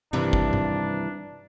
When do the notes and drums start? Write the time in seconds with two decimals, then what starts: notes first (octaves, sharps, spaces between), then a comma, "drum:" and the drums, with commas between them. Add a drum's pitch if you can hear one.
0.13 G2 C3 D#3 E3 D4
0.33 drum: kick
0.53 drum: tom